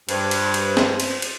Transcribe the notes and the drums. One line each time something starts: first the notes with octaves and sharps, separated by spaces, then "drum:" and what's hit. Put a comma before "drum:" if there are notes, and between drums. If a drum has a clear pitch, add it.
G2 C5, drum: cymbal
drum: cymbal
drum: cymbal
drum: snare C4
drum: cymbal
drum: cymbal